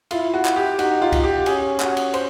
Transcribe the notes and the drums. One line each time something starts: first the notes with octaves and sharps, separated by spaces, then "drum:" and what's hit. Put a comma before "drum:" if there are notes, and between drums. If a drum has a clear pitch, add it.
E4 F4, drum: cymbal
F#4
drum: clap
G4
D#4 F#4, drum: cymbal
F4
drum: kick C2, cymbal
G4
C#4 G#4, drum: cymbal
F#4, drum: clap
drum: cymbal
C5, drum: cymbal